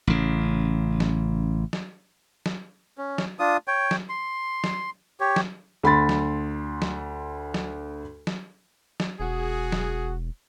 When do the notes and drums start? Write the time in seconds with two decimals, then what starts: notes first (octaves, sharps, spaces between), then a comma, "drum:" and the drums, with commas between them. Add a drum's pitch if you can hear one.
0.07 A1 C#3
1.00 drum: snare
1.73 drum: snare
2.46 drum: snare
2.98 C#4
3.18 drum: snare
3.39 D4 F4 D#6
3.68 C#5 G5
3.91 drum: snare
4.09 C6
4.64 drum: snare
5.20 G4 C#5
5.36 drum: snare
5.83 D2 B5 C6 A6
6.09 drum: snare
6.82 drum: snare
7.54 drum: snare
8.27 drum: snare
9.00 drum: snare
9.20 E1 F#4 G#4
9.72 drum: snare